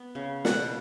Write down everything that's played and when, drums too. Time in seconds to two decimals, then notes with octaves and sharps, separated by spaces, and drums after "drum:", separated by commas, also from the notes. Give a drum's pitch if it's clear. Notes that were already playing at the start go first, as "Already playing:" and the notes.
Already playing: B3
0.15 C#3
0.45 B2 F#5, drum: snare